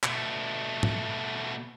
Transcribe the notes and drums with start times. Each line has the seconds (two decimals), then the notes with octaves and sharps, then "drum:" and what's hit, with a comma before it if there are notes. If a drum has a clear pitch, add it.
0.03 B2 A3, drum: clap
0.83 drum: tom